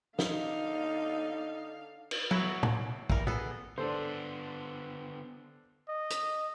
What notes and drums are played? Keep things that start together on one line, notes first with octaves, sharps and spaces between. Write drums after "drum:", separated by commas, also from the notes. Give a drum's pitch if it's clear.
D3 D#4 F5, drum: snare
drum: cymbal
F#3 E4 F#4, drum: tom
drum: tom A2
E3 G3 A#4, drum: kick
B3 G#4 A4, drum: tom A2
D3 B3 D4 A4 C5
D#5
drum: hi-hat